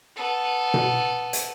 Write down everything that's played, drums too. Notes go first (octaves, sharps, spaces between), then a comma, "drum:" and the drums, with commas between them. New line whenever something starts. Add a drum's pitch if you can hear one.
B3 A4
drum: tom B2
drum: hi-hat